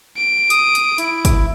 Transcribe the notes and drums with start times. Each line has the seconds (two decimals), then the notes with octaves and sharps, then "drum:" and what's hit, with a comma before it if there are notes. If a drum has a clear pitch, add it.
0.17 D7
0.50 D#6, drum: hi-hat
0.75 drum: hi-hat
0.98 E4, drum: hi-hat
1.25 drum: kick, hi-hat